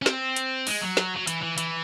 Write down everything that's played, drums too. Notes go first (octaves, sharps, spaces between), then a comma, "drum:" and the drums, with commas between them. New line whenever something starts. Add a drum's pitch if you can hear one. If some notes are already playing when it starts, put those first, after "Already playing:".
C#4
C4, drum: snare
drum: hi-hat
G#3, drum: open hi-hat
F#3
drum: snare
F#3
E3, drum: hi-hat
E3
E3, drum: hi-hat